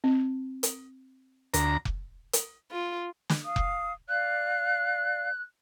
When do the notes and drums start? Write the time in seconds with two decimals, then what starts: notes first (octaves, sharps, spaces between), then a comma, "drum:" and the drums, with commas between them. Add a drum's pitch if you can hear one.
0.04 C4
0.63 drum: hi-hat
1.54 D2 A#5, drum: hi-hat
1.85 drum: kick F1
2.33 drum: hi-hat
2.72 F4
3.29 drum: snare
3.44 F5 D#6
3.56 drum: kick F1
4.08 D5 F5 F#6